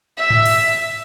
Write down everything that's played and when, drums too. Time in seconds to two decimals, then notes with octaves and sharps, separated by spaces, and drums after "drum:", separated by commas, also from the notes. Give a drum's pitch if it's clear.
0.18 E5
0.30 drum: tom G#2
0.46 drum: cymbal